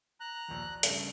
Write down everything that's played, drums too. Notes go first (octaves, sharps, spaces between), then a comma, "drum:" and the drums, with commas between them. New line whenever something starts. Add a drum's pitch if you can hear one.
A#5 F#6
A#1 D#2
D5
G2 C#3 A3, drum: hi-hat